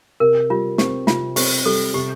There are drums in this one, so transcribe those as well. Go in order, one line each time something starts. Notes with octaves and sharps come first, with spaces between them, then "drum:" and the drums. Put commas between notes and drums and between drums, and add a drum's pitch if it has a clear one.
C3 A#4
G3 F4
C4 G4, drum: snare
C3 F4, drum: snare
C4 G4, drum: open hi-hat
G3 A4
C3 G4